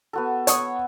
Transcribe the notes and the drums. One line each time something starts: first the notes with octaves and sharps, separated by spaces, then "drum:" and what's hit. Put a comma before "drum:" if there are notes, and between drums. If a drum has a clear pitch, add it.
B3 F#4 A4
C#5 C#6 D#6, drum: hi-hat